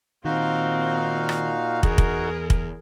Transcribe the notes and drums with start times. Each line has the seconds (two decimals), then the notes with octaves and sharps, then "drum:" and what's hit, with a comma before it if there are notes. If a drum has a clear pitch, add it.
0.25 A#2 D#3 C4 D#4 F#4 F5
1.29 drum: rim click
1.83 E2 G#4 A#4, drum: kick
1.98 drum: kick
2.50 drum: kick